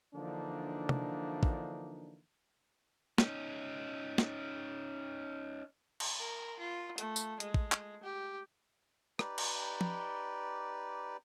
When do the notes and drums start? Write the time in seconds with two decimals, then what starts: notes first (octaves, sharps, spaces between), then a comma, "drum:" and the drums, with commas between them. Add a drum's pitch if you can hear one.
0.14 D3 E3 F3 A#3 D4 D#4
0.89 drum: tom
1.43 drum: kick
3.18 C#4 D#4, drum: snare
4.18 drum: snare
6.00 drum: cymbal
6.19 A#4
6.59 F4
6.98 A3, drum: hi-hat
7.16 drum: tambourine
7.40 G#3, drum: hi-hat
7.54 drum: kick
7.72 drum: clap
8.03 G4
9.19 D#4 G4 B4 D5, drum: rim click
9.38 drum: cymbal
9.81 drum: tom F3